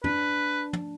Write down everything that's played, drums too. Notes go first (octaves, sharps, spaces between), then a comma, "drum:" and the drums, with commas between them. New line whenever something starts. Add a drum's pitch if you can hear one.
D4 B4, drum: tom
drum: tom